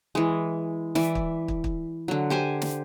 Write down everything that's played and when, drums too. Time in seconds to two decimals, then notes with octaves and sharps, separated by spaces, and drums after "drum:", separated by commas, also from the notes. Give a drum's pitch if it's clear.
0.15 E3 G#3
0.95 E3 D5 E5, drum: snare
1.15 drum: kick
1.48 drum: kick
1.64 drum: kick
2.08 D3 F#3
2.30 G4 C5 G#5
2.62 drum: snare